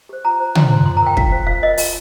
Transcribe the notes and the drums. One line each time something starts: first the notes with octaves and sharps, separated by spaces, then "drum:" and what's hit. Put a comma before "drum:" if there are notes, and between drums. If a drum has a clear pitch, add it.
G4 C5
F4 A#5
C5
F4 C6, drum: tom
C5 A#5
F4 C6
A#5
A#4 G5
F4 F5, drum: kick
C5 F5
F4 F5
A#4 D#5
F4, drum: open hi-hat